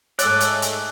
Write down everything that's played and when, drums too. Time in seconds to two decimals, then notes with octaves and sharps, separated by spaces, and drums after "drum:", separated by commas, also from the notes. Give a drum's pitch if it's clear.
0.19 G#2 G#3 A3 C#5 D5 D6 E6 F#6, drum: hi-hat
0.40 drum: hi-hat
0.62 drum: hi-hat